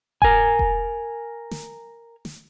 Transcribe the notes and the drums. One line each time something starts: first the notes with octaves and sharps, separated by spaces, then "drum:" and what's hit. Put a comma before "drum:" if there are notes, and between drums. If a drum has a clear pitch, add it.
A#4 G#5, drum: kick E1
drum: kick E1
drum: snare
drum: snare